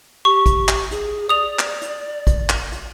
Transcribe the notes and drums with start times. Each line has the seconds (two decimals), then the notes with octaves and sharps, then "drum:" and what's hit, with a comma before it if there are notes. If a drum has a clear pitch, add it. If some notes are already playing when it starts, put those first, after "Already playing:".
0.25 G4 C#6
0.46 drum: kick, hi-hat
0.68 drum: clap
0.91 G#4, drum: hi-hat
1.29 D5 D#6 F7
1.59 drum: clap
1.82 drum: hi-hat
2.27 drum: kick, hi-hat
2.49 drum: clap
2.72 drum: hi-hat